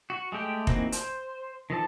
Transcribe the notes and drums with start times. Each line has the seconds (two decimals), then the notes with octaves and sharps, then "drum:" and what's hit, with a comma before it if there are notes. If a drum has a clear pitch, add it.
0.10 F#4
0.32 G#3 A3 G4 G5
0.67 E3 A#3 C4 D#4 F#4, drum: kick F1
0.92 C5, drum: hi-hat
1.70 D#3 F3 A4 A5